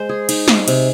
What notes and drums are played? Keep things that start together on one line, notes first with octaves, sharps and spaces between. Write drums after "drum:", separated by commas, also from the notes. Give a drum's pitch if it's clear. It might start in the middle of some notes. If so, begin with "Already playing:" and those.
Already playing: G#3 C5
G#4
D#4, drum: cymbal
G#4, drum: snare
C3, drum: cymbal